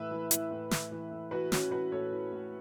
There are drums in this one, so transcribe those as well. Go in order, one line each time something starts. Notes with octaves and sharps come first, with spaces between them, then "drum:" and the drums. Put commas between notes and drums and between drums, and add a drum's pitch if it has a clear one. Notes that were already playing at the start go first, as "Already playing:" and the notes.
Already playing: A2 E3 B4 E5
E3
E3, drum: hi-hat
A2
E3, drum: snare
E3
A2
E3 F#4 B4
E3 C#4 F#4, drum: snare
E3 F#4 B4
A2 A4 C#5
E3
A2